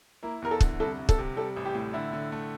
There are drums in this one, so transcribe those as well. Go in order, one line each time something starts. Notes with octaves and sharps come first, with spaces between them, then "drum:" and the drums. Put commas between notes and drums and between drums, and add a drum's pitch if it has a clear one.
A#3 E4
E2 A#4
A4
D3, drum: kick
C2 A4
C2
A4, drum: kick
C3
G3 A4
A1
G4
A2
D3 E4
D3
A3